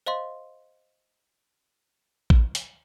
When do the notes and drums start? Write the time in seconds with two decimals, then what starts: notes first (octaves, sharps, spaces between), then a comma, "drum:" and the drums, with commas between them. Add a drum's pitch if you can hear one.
0.06 C5 D#5 F5 C6
2.30 drum: kick A1
2.55 drum: hi-hat